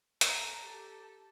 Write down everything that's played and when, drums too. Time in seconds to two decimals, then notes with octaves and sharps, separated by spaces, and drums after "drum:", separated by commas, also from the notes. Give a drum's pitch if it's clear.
0.21 A4 A#5, drum: hi-hat
0.61 G4 A4